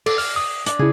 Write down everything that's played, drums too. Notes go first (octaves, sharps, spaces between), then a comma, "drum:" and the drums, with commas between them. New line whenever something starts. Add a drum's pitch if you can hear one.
A4 D5, drum: cymbal
F6, drum: open hi-hat
D#6
D4, drum: hi-hat
C#3 E4 G#4